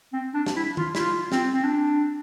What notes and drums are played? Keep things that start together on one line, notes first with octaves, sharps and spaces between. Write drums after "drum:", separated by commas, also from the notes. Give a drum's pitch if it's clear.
C4
D4
drum: snare
E4
F4, drum: tom
E4, drum: snare
F4
C4, drum: snare
C4
D4